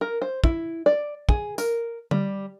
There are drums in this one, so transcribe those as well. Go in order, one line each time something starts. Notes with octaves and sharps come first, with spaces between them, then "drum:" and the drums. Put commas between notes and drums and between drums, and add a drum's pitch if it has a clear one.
A#4
C5
E4, drum: kick
D5
G#4, drum: kick
A#4, drum: tambourine
G3, drum: tom D3